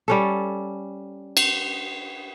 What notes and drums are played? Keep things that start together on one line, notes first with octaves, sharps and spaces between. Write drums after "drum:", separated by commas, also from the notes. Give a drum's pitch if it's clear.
G3 C#4 A4
drum: cymbal